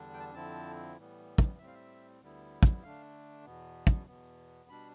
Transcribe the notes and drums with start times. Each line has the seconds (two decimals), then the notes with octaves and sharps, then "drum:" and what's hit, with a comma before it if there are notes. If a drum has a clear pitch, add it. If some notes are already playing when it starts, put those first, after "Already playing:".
Already playing: E2 D3 G3 D4
0.14 G5
0.20 A5
0.34 F2 D3 F3 C4 E4 A5
0.97 A2 E3 G3 B3
1.38 drum: kick
1.59 A2 G3 C4 E5
1.67 F5
1.74 E5
2.21 D2 D3 G3 B3 E4
2.63 drum: kick
2.83 D3 A3 D4 F5
3.45 E2 B2 B3
3.87 drum: kick
4.07 E2 B2 B3
4.69 B2 G3 D4 B5